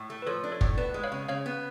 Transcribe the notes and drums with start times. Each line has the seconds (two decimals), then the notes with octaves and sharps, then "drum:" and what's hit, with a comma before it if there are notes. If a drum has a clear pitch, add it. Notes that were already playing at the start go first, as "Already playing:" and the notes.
Already playing: A2
0.10 A3
0.22 B4
0.27 F3 A4 C#5
0.44 D4
0.52 A4 C#5
0.61 A2, drum: kick
0.77 B3 B4 D5
0.94 G#3
1.03 C#5 F5
1.12 C#3
1.29 C#3 C#5 F5
1.46 B3